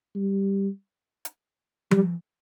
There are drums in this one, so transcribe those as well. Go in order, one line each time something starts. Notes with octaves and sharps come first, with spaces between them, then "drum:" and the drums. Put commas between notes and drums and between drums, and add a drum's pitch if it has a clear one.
G3
drum: hi-hat
G3, drum: tom F3